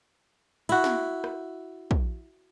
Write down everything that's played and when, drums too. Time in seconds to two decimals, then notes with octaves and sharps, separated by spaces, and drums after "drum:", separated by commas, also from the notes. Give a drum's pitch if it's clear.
0.69 E4 F#4, drum: cymbal
0.84 drum: snare
1.24 drum: rim click
1.91 drum: kick